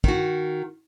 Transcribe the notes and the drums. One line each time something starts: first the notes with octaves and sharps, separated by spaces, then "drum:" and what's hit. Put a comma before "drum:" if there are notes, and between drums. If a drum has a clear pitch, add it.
D#3 F#4, drum: kick